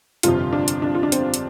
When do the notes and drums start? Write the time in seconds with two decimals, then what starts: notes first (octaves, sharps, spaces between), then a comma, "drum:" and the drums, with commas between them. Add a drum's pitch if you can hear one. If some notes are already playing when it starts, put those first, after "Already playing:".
0.23 G1 F2 C3 F3 F4, drum: hi-hat
0.53 D4
0.68 drum: hi-hat
0.82 D4
0.95 F4
1.03 D4
1.12 C4, drum: hi-hat
1.34 drum: hi-hat